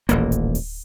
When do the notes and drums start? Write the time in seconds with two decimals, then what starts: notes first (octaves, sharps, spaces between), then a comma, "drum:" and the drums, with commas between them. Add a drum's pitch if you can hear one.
0.09 D#1 A1 A#3, drum: hi-hat
0.32 drum: kick D1, hi-hat
0.55 drum: open hi-hat